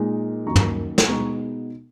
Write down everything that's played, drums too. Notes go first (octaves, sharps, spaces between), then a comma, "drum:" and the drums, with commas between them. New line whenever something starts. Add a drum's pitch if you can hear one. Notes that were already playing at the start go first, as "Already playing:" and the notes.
Already playing: A#2 G#3 D#4
F#2 D#3 F#3 A#3 A#5 C#6
drum: tom
drum: snare
B2 G#3 B3 D#4 A#5 C#6